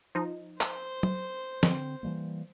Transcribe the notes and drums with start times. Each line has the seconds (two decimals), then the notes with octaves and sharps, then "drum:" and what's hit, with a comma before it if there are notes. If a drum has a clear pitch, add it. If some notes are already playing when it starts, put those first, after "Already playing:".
0.15 F3 D#4
0.61 C5, drum: clap
1.03 drum: tom
1.63 D3 C4, drum: snare
2.03 E3 G3 A#3